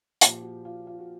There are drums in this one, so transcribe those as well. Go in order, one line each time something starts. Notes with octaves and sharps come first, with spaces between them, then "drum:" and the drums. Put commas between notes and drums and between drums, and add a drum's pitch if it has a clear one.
A#2 F3 G4, drum: hi-hat
F#4
F4
F4
F#4